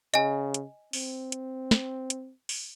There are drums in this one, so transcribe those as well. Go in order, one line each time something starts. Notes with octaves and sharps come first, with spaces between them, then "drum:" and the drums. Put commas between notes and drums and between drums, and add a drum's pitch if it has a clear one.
C#3 D#5 G#5, drum: hi-hat
drum: hi-hat
C4, drum: open hi-hat
drum: hi-hat
drum: snare
drum: hi-hat
drum: open hi-hat